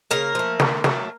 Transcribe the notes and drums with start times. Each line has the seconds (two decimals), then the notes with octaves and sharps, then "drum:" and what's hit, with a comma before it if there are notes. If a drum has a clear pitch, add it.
0.11 C#3 A#3 A#4
0.35 F3 A3
0.60 D3, drum: snare
0.84 F#3 A3, drum: snare